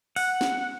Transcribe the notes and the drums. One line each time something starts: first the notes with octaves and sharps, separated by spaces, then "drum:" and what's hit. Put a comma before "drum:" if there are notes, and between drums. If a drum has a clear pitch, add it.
F#5, drum: open hi-hat
drum: snare